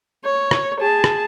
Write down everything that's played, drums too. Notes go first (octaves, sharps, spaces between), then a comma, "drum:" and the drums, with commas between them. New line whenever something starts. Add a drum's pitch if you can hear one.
C#5
drum: rim click
G#4 A5
drum: rim click